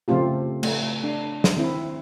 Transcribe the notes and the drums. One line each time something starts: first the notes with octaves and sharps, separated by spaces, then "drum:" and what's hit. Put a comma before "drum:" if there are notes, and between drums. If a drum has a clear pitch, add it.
C#3 F3 A3 C4 F4 G4
A3, drum: cymbal
D4
drum: snare
D#3 C4 E4